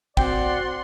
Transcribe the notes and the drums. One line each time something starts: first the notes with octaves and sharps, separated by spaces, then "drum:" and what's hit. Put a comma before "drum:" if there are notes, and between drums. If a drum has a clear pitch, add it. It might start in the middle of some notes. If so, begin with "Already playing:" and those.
C4 F#4 D5 F#5 G5 C6, drum: kick